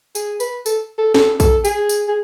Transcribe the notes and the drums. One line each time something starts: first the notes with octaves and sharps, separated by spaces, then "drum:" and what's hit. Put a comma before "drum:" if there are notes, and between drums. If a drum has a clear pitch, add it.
G#4, drum: tambourine
B4, drum: tambourine
A4, drum: tambourine
A4
A4, drum: snare
A4, drum: kick, tambourine
G#4, drum: tambourine
drum: tambourine
G#4